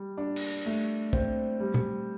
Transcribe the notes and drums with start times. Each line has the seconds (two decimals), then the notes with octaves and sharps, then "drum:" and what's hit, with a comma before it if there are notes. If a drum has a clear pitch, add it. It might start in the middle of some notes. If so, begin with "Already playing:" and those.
Already playing: G3
0.18 D4
0.36 drum: cymbal
0.66 A3
1.13 C4, drum: kick
1.60 G3
1.74 drum: tom